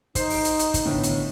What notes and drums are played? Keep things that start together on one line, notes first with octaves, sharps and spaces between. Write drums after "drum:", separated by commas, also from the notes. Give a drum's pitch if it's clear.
D#4 C5, drum: kick, hi-hat
drum: open hi-hat
drum: hi-hat
drum: hi-hat
drum: kick, hi-hat
A2 D3 B3
drum: hi-hat